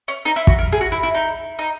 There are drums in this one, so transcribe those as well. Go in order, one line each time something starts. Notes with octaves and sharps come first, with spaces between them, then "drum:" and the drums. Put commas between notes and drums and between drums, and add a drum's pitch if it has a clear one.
C#4
D#4
E4
F#4, drum: kick
A#4
G#4
F#4
E4
E4
D#4
D#4